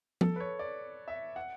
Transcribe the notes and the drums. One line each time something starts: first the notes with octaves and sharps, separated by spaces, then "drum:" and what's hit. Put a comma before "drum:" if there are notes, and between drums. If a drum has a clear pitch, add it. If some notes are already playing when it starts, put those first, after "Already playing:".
A4, drum: tom F3
B4
C#5
D5
E5
F#5